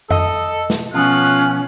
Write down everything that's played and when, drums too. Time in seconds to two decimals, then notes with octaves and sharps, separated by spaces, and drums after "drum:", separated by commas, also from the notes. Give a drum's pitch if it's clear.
0.11 A4 D#5, drum: tom F2
0.70 drum: snare
0.94 B2 F3 B3 C#4 F4 F#6